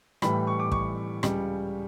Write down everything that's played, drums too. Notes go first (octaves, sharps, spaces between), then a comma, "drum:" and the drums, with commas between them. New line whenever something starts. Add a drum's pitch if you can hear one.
A2 E3 G3 B5, drum: rim click
C#6
D6
C#6, drum: kick
C#2 C#3 G3, drum: rim click